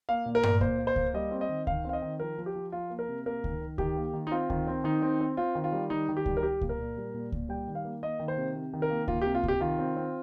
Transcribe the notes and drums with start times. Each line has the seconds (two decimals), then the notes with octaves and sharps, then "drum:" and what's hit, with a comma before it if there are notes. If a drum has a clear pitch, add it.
0.09 A#3 F5
0.26 A#2
0.35 A#4
0.43 A#2, drum: tom G2
0.61 A#3 C5, drum: kick C#2
0.79 A#3
0.87 C5
0.96 A#3, drum: kick C#2
1.14 G3 D#5
1.31 C4
1.41 D#5
1.49 D#3
1.67 D#3 F5, drum: kick C#2
1.84 C4 F5
1.93 D#5
2.02 D#3
2.20 F3 A#4
2.38 F3
2.46 G4
2.55 F3
2.72 F3 F4
2.90 A#3
2.99 A#4
3.08 C3
3.26 A#3 A#4
3.44 D#3, drum: kick C#2
3.61 D#3
3.78 D#3 G4, drum: kick C#2
3.97 A#3
4.14 D#3
4.27 D#4
4.31 C4 F4
4.50 D#3, drum: kick C#2
4.67 C4
4.84 D#3 D#4
5.02 C4
5.20 C4
5.37 C4 F4
5.55 D#3
5.64 F4
5.72 G3
5.90 D#3 D#4
6.09 D#3
6.17 G4
6.26 G3, drum: kick C#2
6.37 A#4
6.43 G3 G4
6.61 A#3, drum: kick C#2
6.69 A#4
6.79 A#2
6.97 G3
7.14 A#2
7.32 A#2, drum: kick C#2
7.49 G3 G5
7.68 D#3
7.75 F5
7.85 A#3
8.03 A#3 D#5
8.20 D#3
8.28 C5
8.37 C3
8.55 C3
8.74 D#3
8.82 A#4
8.90 A#3
9.08 A#3 F4, drum: kick C#2
9.22 C3 G4
9.35 F4
9.43 C3 G4, drum: kick C#2
9.61 D#3 F4
9.79 C4
9.96 C4